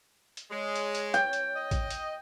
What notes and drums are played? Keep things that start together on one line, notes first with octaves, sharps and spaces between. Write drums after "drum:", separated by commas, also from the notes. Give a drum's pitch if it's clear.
drum: hi-hat
G#3 C#5
drum: hi-hat
drum: hi-hat
G5, drum: hi-hat
drum: hi-hat
D#5
drum: kick A1, hi-hat
drum: hi-hat